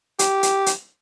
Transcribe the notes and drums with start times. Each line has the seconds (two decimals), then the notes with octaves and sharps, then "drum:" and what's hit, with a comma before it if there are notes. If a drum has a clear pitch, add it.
0.19 G4, drum: hi-hat
0.43 drum: hi-hat
0.66 drum: hi-hat